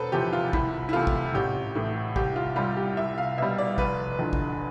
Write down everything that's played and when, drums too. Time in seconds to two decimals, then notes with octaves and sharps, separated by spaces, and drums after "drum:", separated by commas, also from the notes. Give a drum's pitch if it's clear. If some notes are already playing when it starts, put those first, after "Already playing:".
Already playing: E1 A4 B4 C5
0.12 E2 C3 F3 G4
0.33 F4
0.53 C2 E4, drum: kick
0.89 E4
0.93 C3 E3 A3 F4
1.07 drum: kick
1.34 A1 G4
1.75 A2 E3
2.16 C2 G4, drum: kick
2.36 F4
2.56 C3 G3 F4
2.77 G4
2.97 C2 E5
3.18 F5
3.37 B2 G3 E5
3.58 D5
3.78 F1 B4, drum: kick
4.19 E2 D3 F3
4.33 drum: kick